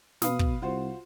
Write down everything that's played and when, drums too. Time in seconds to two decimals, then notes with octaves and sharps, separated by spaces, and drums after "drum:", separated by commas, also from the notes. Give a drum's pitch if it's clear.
0.22 B2 B4 F5 D#6, drum: snare
0.39 drum: kick
0.62 C2 F4 F#4 C5